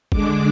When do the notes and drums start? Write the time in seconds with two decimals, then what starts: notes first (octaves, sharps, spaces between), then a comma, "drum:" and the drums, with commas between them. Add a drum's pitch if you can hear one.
0.12 D3 G#3 D4 D6, drum: kick